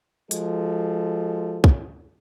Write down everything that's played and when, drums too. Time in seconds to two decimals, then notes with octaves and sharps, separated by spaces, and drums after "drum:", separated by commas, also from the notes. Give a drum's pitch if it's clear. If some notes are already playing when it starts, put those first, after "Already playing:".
0.31 F3 G#3 F#4 A4, drum: hi-hat
1.64 drum: kick